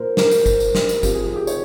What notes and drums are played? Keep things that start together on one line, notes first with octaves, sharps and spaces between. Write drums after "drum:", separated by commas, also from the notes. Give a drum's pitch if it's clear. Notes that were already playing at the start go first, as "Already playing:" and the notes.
Already playing: A#2 F3 A#4 C5
A#4, drum: snare
drum: tambourine
drum: kick G#1, tambourine
drum: tambourine
drum: snare
drum: tambourine
C3 F3 G4, drum: kick G#1, tambourine
G#4
G#4
G4
C#5, drum: tambourine